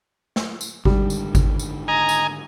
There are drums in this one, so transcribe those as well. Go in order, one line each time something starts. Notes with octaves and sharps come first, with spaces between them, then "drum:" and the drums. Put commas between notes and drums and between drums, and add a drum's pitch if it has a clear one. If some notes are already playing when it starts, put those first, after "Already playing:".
drum: snare
drum: tambourine
G#2 D3 D#3 G3, drum: kick G#1
drum: tambourine
drum: kick G#1, tambourine
drum: tambourine
D#5 G#5 A#5
drum: tambourine